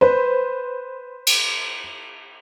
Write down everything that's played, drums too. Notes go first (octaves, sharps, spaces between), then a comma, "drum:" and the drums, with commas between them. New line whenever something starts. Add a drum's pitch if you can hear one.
B4 C5
drum: cymbal